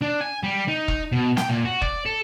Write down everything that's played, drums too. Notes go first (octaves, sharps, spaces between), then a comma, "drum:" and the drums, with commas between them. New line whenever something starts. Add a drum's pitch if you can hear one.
D4
G#5
G3
D#4
drum: kick E1
B2
G5, drum: snare
A#2
F#4
D5, drum: kick E1
A4